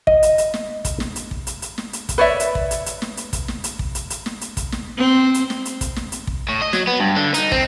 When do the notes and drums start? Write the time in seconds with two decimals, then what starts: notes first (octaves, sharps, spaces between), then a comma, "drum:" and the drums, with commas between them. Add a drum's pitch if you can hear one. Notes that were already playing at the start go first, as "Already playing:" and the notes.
0.07 D#5, drum: kick
0.23 drum: hi-hat
0.38 drum: hi-hat
0.54 drum: snare
0.85 drum: kick, hi-hat
1.00 drum: snare
1.16 drum: hi-hat
1.31 drum: kick
1.47 drum: hi-hat
1.62 drum: hi-hat
1.78 drum: snare
1.93 drum: hi-hat
2.09 drum: kick, hi-hat
2.18 B4 C#5 D5 E5
2.40 drum: hi-hat
2.55 drum: kick
2.71 drum: hi-hat
2.86 drum: hi-hat
3.02 drum: snare
3.17 drum: hi-hat
3.33 drum: kick, hi-hat
3.48 drum: snare
3.64 drum: hi-hat
3.79 drum: kick
3.95 drum: hi-hat
4.10 drum: hi-hat
4.26 drum: snare
4.41 drum: hi-hat
4.57 drum: kick, hi-hat
4.72 drum: snare
4.97 C4
5.34 drum: hi-hat
5.50 drum: snare
5.65 drum: hi-hat
5.81 drum: kick, hi-hat
5.96 drum: snare
6.12 drum: hi-hat
6.27 drum: kick
6.49 A2
6.62 D#5
6.73 F#3, drum: snare
6.87 B3
7.00 G2
7.16 D3
7.34 D#4, drum: hi-hat
7.52 C4, drum: kick